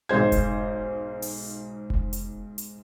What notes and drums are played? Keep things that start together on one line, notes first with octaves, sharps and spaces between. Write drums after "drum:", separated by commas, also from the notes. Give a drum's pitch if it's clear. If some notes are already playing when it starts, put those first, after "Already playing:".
B1 G#2 C5 G#6
drum: kick F1, hi-hat
drum: open hi-hat
drum: kick F1
drum: hi-hat
drum: hi-hat